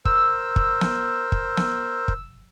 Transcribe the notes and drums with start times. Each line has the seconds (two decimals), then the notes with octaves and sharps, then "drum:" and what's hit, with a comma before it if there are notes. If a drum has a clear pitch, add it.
0.05 A#4 C5 E6, drum: kick
0.56 drum: kick
0.81 drum: snare
1.32 drum: kick
1.57 drum: snare
2.08 drum: kick